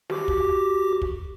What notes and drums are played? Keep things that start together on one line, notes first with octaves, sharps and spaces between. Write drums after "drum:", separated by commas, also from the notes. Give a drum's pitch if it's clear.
F#4 G4 D6, drum: snare
drum: kick
drum: kick